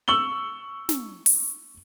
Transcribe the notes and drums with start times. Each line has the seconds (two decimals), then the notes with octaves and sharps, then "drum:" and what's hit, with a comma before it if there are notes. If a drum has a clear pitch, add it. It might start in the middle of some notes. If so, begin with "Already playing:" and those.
0.08 C#6 E6 F#7 G7
0.89 drum: snare
1.26 drum: open hi-hat